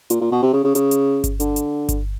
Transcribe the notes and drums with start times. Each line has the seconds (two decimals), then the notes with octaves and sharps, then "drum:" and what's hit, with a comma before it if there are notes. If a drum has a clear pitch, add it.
0.10 A#2, drum: hi-hat
0.21 A#2
0.32 B2
0.42 C3
0.53 C#3
0.64 C#3
0.75 C#3, drum: hi-hat
0.91 drum: hi-hat
1.24 drum: kick G1, hi-hat
1.40 D3, drum: hi-hat
1.56 drum: hi-hat
1.89 drum: kick G1, hi-hat